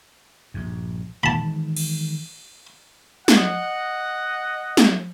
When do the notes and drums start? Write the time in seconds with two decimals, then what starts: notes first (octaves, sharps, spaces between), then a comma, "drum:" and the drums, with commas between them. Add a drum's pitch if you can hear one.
0.54 A#1 G2
1.23 D#3 E3 G#3 A5 B5
1.76 drum: cymbal
3.28 D#5 F#5, drum: snare
4.77 drum: snare